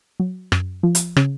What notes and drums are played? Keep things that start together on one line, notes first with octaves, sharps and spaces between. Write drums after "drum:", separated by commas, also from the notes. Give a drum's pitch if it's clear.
F#3
F#2, drum: rim click
F3
drum: hi-hat
C#3, drum: rim click